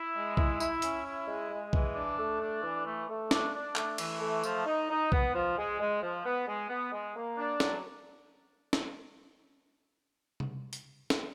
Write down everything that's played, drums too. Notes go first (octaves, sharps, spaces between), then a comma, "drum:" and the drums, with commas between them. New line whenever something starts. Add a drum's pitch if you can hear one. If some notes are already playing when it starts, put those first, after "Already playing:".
Already playing: E4
G#3
E4, drum: kick B1
E4, drum: tambourine
C#4, drum: hi-hat
E4
G#3
G#3
E3, drum: kick B1
D4
A3
D4
E3
A3
A3
D4, drum: snare
D4
A3, drum: clap
E3, drum: cymbal
A3
F3, drum: tambourine
D#4
D#4
B3, drum: kick B1
F3
G#3
G#3
F3
B3
G#3
B3
G#3
A#3
D4
F#3, drum: snare
drum: snare
drum: tom C3
drum: hi-hat
drum: snare